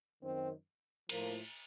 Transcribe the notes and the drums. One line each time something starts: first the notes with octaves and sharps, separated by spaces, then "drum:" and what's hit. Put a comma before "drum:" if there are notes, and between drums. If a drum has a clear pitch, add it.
F#2 D#3 C4
A2 F3 A#3, drum: cymbal